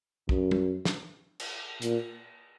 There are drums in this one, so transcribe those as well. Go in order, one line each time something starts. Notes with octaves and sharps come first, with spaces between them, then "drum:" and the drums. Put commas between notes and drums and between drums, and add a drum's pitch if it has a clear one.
F#2, drum: kick
drum: tom
drum: snare
drum: cymbal
A#2, drum: hi-hat